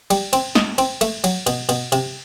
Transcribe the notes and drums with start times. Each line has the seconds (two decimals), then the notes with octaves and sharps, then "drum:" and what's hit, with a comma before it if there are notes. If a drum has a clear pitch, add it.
0.10 G3, drum: cymbal
0.33 C4, drum: cymbal
0.55 D#4, drum: snare
0.78 C4, drum: cymbal
1.01 A3, drum: cymbal
1.24 F#3, drum: cymbal
1.47 B2, drum: cymbal
1.69 B2, drum: cymbal
1.92 C3, drum: cymbal